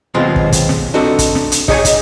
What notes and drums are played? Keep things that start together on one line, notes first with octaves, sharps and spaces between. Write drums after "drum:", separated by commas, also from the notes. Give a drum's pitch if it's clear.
D#2 B2 F#3 G#3 C4 F4
drum: kick
drum: kick, hi-hat
drum: snare
C4 D4 D#4 F#4 A4
drum: kick, hi-hat
drum: snare
drum: hi-hat
D#4 G4 G#4 C#5 D#5 G#5, drum: kick
drum: kick, hi-hat